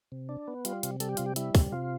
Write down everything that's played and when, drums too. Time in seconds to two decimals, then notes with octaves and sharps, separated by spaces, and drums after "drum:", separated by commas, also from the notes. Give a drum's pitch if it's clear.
0.12 C3
0.29 D4
0.48 B3
0.65 G3 F4, drum: hi-hat
0.83 C3, drum: hi-hat
1.00 G3 A4, drum: hi-hat
1.09 G4
1.17 C3 F4, drum: hi-hat
1.26 G4
1.36 G3 E4, drum: hi-hat
1.55 C3, drum: kick, open hi-hat
1.72 C3 F4